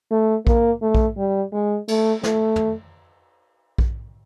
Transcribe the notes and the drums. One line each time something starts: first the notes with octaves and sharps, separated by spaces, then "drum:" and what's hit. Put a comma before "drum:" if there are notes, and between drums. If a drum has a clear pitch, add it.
A3
A#3, drum: kick A#1
A3
drum: kick A#1
G3
G#3
A3, drum: cymbal
A3, drum: snare
drum: tom
drum: kick A#1